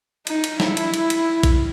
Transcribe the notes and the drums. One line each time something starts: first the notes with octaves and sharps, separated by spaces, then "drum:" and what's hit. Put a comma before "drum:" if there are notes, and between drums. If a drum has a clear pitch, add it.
D#4, drum: cymbal
drum: cymbal
E4, drum: snare
drum: cymbal
drum: cymbal
drum: cymbal
drum: kick A#1, cymbal